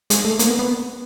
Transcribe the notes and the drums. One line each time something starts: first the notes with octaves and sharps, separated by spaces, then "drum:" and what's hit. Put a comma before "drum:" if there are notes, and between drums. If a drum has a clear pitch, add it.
G#3, drum: hi-hat
A3
A#3, drum: hi-hat
B3
B3